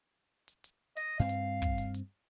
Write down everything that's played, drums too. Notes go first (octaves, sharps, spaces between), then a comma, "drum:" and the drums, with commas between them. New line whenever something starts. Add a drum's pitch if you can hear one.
drum: hi-hat
drum: hi-hat
D#5, drum: hi-hat
G2 C4 F5
drum: hi-hat
drum: kick
drum: hi-hat
drum: hi-hat